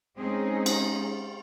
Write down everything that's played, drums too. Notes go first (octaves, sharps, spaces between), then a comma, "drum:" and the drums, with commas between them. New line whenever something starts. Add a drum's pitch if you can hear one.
G#3 C4 C#4 D#4 G#4
drum: cymbal